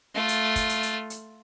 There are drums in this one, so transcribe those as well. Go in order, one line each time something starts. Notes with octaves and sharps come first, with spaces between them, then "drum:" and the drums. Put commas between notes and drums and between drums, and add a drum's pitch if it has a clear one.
A3 F4
drum: hi-hat
drum: kick, hi-hat
drum: hi-hat
drum: hi-hat
drum: hi-hat